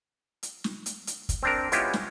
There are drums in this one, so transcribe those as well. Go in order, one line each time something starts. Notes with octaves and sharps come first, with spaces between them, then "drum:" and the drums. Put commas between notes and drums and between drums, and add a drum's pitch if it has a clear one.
drum: hi-hat
drum: snare
drum: hi-hat
drum: hi-hat
drum: kick, hi-hat
C4 D4 A#4
G#3 B3 C#4 E4 F4 G4, drum: hi-hat
drum: snare